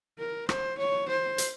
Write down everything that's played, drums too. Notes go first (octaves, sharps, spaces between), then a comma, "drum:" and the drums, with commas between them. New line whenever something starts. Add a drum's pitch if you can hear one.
A#4
C5, drum: rim click
C#5
C5
drum: hi-hat